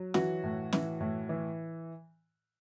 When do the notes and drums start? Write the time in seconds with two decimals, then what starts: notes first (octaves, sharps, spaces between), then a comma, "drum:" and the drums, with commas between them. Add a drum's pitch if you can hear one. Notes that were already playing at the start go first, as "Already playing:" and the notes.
Already playing: F#3
0.14 E3 F#4, drum: snare
0.44 A2
0.73 E3, drum: snare
1.01 A2
1.29 E3